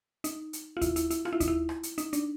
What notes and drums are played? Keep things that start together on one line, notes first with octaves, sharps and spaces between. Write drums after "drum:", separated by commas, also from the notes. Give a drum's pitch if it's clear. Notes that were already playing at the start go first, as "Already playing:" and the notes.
D#4, drum: hi-hat
drum: hi-hat
F4
E4, drum: kick D#2, hi-hat
E4, drum: hi-hat
E4, drum: hi-hat
F4, drum: rim click
E4
D#4, drum: kick D#2, hi-hat
E4
drum: rim click
drum: hi-hat
D#4, drum: hi-hat
D4, drum: hi-hat